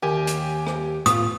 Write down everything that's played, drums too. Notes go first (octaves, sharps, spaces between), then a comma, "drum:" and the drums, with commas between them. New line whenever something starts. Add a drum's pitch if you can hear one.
D#2 G4 G#5
drum: hi-hat
drum: rim click
A2 B3 F4 D#6, drum: hi-hat